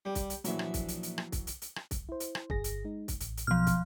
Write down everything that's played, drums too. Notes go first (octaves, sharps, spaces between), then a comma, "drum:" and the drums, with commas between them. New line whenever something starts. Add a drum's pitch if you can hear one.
G3 G4
drum: kick, hi-hat
drum: hi-hat
A#1 E3 F#3 E5, drum: hi-hat
drum: rim click
drum: kick, hi-hat
drum: hi-hat
drum: hi-hat
drum: rim click
drum: kick, hi-hat
drum: hi-hat
drum: hi-hat
drum: rim click
drum: kick, hi-hat
E4 C5
drum: hi-hat
drum: rim click
G1 G#4 A#6, drum: kick
drum: hi-hat
G#3 D#4
drum: kick, hi-hat
A1, drum: hi-hat
drum: hi-hat
B1 B2 F3 F#3 F6
drum: kick, hi-hat